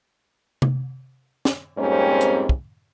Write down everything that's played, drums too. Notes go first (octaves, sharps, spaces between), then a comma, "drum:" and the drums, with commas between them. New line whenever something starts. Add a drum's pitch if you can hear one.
drum: tom C3
drum: snare
F2 G#2 G3 A#3 C4 C#4
drum: hi-hat
drum: kick